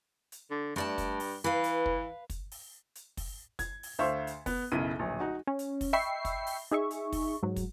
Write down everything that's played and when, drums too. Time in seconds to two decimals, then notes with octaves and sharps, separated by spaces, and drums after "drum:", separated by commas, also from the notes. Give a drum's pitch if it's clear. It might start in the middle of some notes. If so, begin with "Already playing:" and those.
0.32 drum: hi-hat
0.50 D3
0.76 G2 A3 D5 A5
0.98 drum: kick, hi-hat
1.20 drum: open hi-hat
1.44 E3 B4 F5
1.64 drum: hi-hat
1.86 drum: kick
2.30 drum: kick, hi-hat
2.52 drum: open hi-hat
2.95 drum: hi-hat
3.17 drum: kick, open hi-hat
3.59 G#6, drum: kick, hi-hat
3.83 drum: open hi-hat
3.99 D2 C5 E5 F5 C#6
4.27 drum: hi-hat
4.46 B3, drum: kick, open hi-hat
4.72 B1 F#2 C#3 E4 D#7
4.99 D1 A#1
5.20 D#4 F#4
5.47 C#4
5.59 drum: hi-hat
5.81 drum: kick, open hi-hat
5.93 D#5 E5 G5 B5 C#6 C7
6.25 drum: kick, hi-hat
6.47 drum: open hi-hat
6.71 D#4 G#4 E5 C#6
6.91 drum: hi-hat
7.12 drum: kick, open hi-hat
7.43 G#2 F#3
7.56 drum: kick, hi-hat